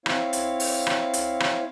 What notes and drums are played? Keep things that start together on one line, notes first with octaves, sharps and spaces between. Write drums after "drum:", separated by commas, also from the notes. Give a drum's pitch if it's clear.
C4 E4 C#5 F5, drum: rim click
drum: hi-hat
drum: open hi-hat
drum: rim click
drum: hi-hat
drum: rim click